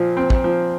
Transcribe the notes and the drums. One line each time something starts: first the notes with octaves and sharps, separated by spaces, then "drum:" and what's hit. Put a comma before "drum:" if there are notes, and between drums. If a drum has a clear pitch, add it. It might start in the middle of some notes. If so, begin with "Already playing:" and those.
Already playing: A#2 F3
C4
drum: kick
F3